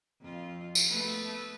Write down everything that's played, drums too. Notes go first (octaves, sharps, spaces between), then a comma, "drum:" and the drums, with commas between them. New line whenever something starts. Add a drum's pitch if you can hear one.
F2 F4
drum: tambourine
A3 B3 B4